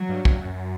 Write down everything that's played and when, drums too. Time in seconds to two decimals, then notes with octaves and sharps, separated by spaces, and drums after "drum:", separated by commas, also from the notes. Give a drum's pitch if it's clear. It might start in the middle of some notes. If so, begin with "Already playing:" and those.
Already playing: F#3
0.09 G2
0.25 G2, drum: kick
0.41 F#2